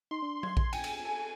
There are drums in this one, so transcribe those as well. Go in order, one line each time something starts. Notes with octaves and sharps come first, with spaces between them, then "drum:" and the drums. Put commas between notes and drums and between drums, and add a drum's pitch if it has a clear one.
D#4 C6
D4
G#6, drum: tom F#3
drum: kick A#1
G5 G#5, drum: cymbal
drum: cymbal
A4 G#5